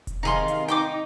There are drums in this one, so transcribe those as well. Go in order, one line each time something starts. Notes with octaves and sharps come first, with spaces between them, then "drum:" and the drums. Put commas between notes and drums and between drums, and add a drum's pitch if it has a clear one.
drum: kick E1, hi-hat
C3 D#3 D#4 G#4 F5 C6
drum: hi-hat
D#4 G5 C6 D6, drum: hi-hat